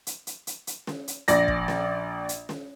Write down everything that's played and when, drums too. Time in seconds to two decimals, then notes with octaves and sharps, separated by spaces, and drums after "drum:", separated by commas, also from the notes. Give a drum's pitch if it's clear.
0.07 drum: hi-hat
0.27 drum: hi-hat
0.47 drum: hi-hat
0.67 drum: hi-hat
0.87 drum: snare
1.08 drum: hi-hat
1.28 A#1 D5 A#6, drum: hi-hat
1.48 drum: kick
1.68 drum: snare
2.29 drum: hi-hat
2.49 drum: snare